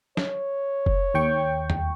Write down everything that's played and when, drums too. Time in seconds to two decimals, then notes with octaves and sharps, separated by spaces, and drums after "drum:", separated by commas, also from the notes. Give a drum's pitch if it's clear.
0.17 C#5, drum: snare
0.86 drum: kick F1
1.14 D#2 G5 C#6
1.70 drum: tom E2